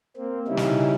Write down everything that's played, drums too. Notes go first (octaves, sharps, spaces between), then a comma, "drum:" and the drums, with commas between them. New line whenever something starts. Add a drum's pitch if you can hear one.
A#3 C4
C#3 G3 C#4 D#4 E4
drum: snare